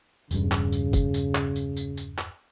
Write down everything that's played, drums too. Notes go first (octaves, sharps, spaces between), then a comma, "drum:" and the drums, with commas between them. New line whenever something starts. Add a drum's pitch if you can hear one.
E1 G2 C#3, drum: tambourine
drum: clap
drum: tambourine
drum: kick, tambourine
drum: tambourine
drum: clap
drum: tambourine
drum: tambourine
drum: tambourine
drum: clap